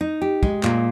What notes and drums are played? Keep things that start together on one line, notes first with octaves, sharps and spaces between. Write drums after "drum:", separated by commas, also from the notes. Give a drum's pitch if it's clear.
D#4
G4
G#3, drum: kick
A#2, drum: clap